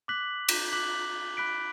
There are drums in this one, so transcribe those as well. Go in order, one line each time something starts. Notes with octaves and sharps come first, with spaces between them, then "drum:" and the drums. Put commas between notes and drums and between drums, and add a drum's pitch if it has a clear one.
D6 F#6 B6 F#7
drum: cymbal
D6 F#6 B6 F#7
B5 F#6 B6 D7